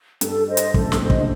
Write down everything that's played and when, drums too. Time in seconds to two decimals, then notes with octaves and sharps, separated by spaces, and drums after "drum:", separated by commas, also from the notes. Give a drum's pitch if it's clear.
0.21 G2 A4, drum: hi-hat
0.48 C5 D#5
0.57 drum: hi-hat
0.74 F#2 A2 A4, drum: kick
0.92 G2 A#2, drum: snare
1.01 C5 D#5
1.10 A2, drum: kick
1.20 D3